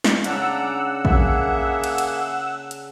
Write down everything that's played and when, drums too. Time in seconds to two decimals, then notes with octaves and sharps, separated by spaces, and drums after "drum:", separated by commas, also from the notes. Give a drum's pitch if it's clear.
0.04 drum: snare
0.24 C#3 D4 D5 F#5 A#5 E6, drum: hi-hat
1.05 A#3 G#4 E5, drum: kick A#1
1.84 drum: cymbal
1.98 drum: cymbal
2.71 drum: hi-hat